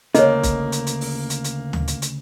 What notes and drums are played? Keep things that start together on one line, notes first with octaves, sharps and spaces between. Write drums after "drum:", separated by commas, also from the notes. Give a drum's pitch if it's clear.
D2 C#3 A#3 C#5 D#5, drum: hi-hat
drum: kick, hi-hat
drum: hi-hat
drum: hi-hat
drum: open hi-hat
drum: hi-hat
drum: hi-hat
drum: tom D2
drum: hi-hat
drum: hi-hat